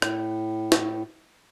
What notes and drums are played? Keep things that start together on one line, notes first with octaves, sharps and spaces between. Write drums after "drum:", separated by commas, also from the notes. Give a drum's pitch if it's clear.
A2, drum: rim click
drum: snare